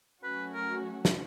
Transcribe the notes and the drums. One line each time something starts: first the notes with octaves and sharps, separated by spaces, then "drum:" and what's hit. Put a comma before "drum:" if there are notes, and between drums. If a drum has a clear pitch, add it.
F#3 A3 C#4 F#4 B4
A#4
drum: snare